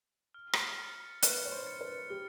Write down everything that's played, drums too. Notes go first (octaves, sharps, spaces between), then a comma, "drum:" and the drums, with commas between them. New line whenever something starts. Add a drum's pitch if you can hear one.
F6
drum: rim click
A6 C#7
B4 F6, drum: hi-hat
C#5
C5
A6 C#7
B4
G4 F6